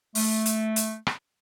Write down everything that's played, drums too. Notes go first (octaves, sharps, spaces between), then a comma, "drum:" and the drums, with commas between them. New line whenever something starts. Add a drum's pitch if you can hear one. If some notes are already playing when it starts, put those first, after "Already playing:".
A3, drum: open hi-hat
drum: hi-hat
drum: hi-hat
drum: rim click